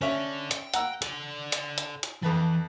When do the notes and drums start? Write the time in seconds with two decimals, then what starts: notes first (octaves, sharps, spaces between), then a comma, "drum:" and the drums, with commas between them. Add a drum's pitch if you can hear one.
0.01 C#4 D4 A4 E5
0.51 G5, drum: hi-hat
0.74 F#5 A#5 E6, drum: hi-hat
1.02 A4 D5, drum: hi-hat
1.52 drum: hi-hat
1.78 drum: hi-hat
2.03 drum: hi-hat
2.23 F2 E3 B4 A5